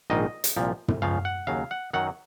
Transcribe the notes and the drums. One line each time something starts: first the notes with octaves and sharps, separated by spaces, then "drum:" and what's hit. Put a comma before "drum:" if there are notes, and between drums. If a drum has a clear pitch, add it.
A#1 G#2 D#3 D#5
drum: hi-hat
C2 A#2 F3
drum: tom
C#2 C#3 F3 F5
F#5
D#2 C#3 F#3 F5
F#5
F#2 D#3 F#3 F#5